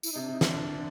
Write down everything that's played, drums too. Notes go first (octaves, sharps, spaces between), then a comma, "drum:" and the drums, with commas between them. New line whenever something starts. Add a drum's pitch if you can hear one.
E4, drum: tambourine
D#4
C3
D4
C3 D#4
D3 D4, drum: snare